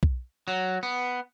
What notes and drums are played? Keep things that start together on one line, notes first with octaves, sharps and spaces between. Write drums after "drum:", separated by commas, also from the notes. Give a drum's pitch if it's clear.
drum: kick B1
F#3
B3